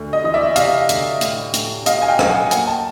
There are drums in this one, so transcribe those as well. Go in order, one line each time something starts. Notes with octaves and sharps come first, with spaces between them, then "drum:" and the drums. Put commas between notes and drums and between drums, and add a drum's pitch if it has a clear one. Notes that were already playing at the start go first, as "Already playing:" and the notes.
Already playing: D2
D#5
E3 D#5
D5 E5
C3 D#5 F5, drum: hi-hat
D2, drum: hi-hat
A2, drum: hi-hat
A2, drum: hi-hat
A2 D#5 F5, drum: hi-hat
G#5
F5 G5
F#3, drum: rim click
F#5 G#5
A#3 F#5 G#5, drum: hi-hat
G5 A5